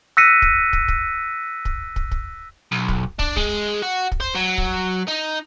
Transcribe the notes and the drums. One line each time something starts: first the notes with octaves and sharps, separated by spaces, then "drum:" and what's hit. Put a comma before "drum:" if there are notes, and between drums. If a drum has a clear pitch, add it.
E6 F#6 A#6 B6 C#7 D#7
drum: kick
drum: kick
drum: kick
drum: kick
drum: kick
drum: kick
B1
drum: kick
D4, drum: kick
G#3, drum: kick
F#4
drum: kick
C5
F#3
drum: kick
D#4